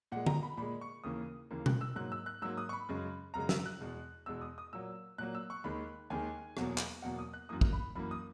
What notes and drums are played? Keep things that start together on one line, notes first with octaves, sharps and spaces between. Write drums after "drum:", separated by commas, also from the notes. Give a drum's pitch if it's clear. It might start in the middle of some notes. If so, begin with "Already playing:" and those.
A#2 G#3 F#5
A#5, drum: tom
B5
A#2 G#3 B5
C#6
D#2 C#3 E3 A#3 D#6
D#2 C#3 E3 A#3
F#6, drum: tom B2
E6
G#2 F#3 A#3 F#6
E6
F#6
G#2 F#3 A#3 E6
D#6
C#6
B5
F#2 C#3 G#3
F#2 C#3 G#3 A#5
E6, drum: snare
F#6
E2 B2 G#3
E2 B2 G#3 E6
D#6
D#6
A#2 F#3 A#3 E6
A#2 F#3 A#3 F#6
E6
C#6
D#2 D#3 G#3 B5
D#2 D#3 G#3 G#5
E2 B2 F#3 A#3, drum: rim click
drum: clap
E2 B2 F#3 A#3 F#5
D#6
F#6
F#2 E3 A#3 D#6
drum: kick
B5
F#2 E3 A#3 B5
D#6